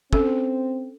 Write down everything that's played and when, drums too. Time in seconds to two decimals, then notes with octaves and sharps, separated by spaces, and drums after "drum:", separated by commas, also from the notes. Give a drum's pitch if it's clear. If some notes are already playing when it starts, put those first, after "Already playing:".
0.13 C4 C#4 A4, drum: kick